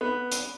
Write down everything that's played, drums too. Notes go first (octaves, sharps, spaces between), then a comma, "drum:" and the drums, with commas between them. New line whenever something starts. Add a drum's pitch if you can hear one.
B3
drum: hi-hat